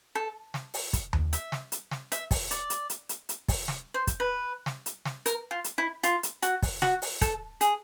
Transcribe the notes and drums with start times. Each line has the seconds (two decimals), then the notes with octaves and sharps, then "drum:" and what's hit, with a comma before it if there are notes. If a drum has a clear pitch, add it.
0.15 A4
0.54 drum: snare
0.74 drum: open hi-hat
0.93 drum: kick, hi-hat
1.13 drum: tom D#2
1.33 E5, drum: hi-hat
1.52 drum: snare
1.72 drum: hi-hat
1.91 drum: snare
2.12 E5, drum: hi-hat
2.31 drum: kick, open hi-hat
2.51 D5, drum: hi-hat
2.70 drum: hi-hat
2.90 drum: hi-hat
3.09 drum: hi-hat
3.29 drum: hi-hat
3.48 drum: kick, open hi-hat
3.68 drum: snare
3.94 C5
4.07 drum: kick, hi-hat
4.20 B4
4.66 drum: snare
4.86 drum: hi-hat
5.05 drum: snare
5.26 A#4, drum: hi-hat
5.51 F4
5.64 drum: hi-hat
5.78 E4
6.03 F4, drum: hi-hat
6.23 drum: hi-hat
6.42 F#4, drum: hi-hat
6.62 drum: kick, open hi-hat
6.82 F#4, drum: snare
7.02 drum: open hi-hat
7.21 A4, drum: kick, hi-hat
7.61 G#4, drum: hi-hat